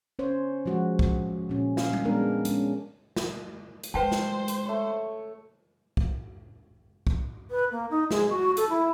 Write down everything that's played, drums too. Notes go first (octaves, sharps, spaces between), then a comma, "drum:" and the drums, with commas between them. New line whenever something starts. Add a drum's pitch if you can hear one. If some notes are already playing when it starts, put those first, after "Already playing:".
C#4 C5 C#5
F3 G#3 F#4
drum: kick
A#2 C#4
F5, drum: snare
drum: tom G3
G#3 B3 D4 A#4
G#3 C#4, drum: hi-hat
drum: snare
drum: hi-hat
G#3 B4 C5 G5 A5
drum: snare
drum: hi-hat
A3 C#5
drum: kick
drum: kick
B4
A#3
D#4
G#3, drum: snare
F#4
A4, drum: hi-hat
E4